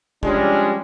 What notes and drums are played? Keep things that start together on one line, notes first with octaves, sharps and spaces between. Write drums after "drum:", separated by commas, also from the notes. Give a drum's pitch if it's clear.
F3 G3 G#3 C#4 D4, drum: kick